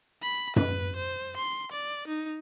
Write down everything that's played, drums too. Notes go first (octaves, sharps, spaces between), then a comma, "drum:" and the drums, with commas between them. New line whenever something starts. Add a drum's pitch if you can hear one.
B5
B4, drum: tom F#2
C5
C6
D5
D#4